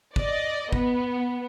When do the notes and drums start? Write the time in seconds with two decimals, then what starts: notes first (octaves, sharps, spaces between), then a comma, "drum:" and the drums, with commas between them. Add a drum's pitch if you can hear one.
0.16 D5 D#5, drum: kick
0.73 B3, drum: kick